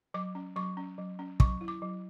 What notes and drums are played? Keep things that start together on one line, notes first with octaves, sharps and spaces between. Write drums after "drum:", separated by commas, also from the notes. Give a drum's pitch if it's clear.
F#3 D6
C#4
F#3 C#6
C#4
F#3
C#4
F#3 C#6, drum: kick
E4
D6
F#3